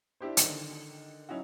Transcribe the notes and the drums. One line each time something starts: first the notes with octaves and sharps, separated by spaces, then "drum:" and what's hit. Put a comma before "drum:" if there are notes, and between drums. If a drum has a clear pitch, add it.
D4 E4 G4 C5
D3 D#3, drum: hi-hat
F#3 C#4 D#4 E4 F#4